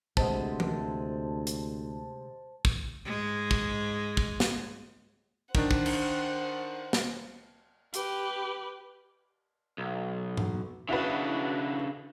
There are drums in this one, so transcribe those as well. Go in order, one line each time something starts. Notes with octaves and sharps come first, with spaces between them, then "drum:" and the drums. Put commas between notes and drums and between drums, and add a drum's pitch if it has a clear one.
D2 C3 G#3 B3 C5 A5, drum: kick
drum: tom E3
drum: hi-hat
drum: kick
G#2 G#3
drum: kick
drum: kick
drum: snare
D#3 D4 C5 F#5, drum: kick
drum: kick
drum: cymbal
drum: snare
G4 B4, drum: hi-hat
B1
drum: tom G#2
C#3 D4 E4 F#4 B4